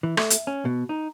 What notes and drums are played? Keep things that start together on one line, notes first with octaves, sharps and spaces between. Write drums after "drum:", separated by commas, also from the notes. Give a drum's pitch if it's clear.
E3
A3, drum: rim click
drum: hi-hat
C#4
B2
D#4